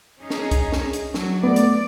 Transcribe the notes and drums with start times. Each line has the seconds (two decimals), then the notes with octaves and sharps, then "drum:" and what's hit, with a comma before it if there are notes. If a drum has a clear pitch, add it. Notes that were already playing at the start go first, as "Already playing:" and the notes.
0.20 C#4 D#4 G#4
0.30 drum: snare
0.51 drum: kick C2, hi-hat
0.72 drum: snare
0.93 drum: hi-hat
1.14 F#3, drum: snare
1.44 A3 B3 D5
1.56 drum: hi-hat